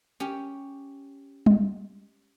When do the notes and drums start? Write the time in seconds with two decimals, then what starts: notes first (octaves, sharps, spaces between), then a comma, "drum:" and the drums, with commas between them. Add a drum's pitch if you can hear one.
0.20 C#4 G4
1.46 drum: tom G3